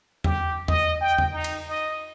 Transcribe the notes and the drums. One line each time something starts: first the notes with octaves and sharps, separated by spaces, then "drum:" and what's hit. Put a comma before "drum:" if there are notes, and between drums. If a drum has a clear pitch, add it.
G4, drum: tom E2
D#5, drum: tom E2
G5
drum: tom E2
D#4
drum: cymbal
D#5